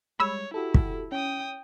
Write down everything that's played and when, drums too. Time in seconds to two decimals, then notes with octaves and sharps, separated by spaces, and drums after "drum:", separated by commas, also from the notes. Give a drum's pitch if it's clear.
0.20 G3 G#3 C#5 B5 E6
0.54 E4 F#4 G4 A4
0.74 drum: kick
1.12 C#4 G5 D#6